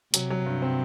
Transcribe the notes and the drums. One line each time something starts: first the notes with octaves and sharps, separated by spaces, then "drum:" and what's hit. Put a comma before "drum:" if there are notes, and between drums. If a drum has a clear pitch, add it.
C3 F#3, drum: hi-hat
F#3
G2
C4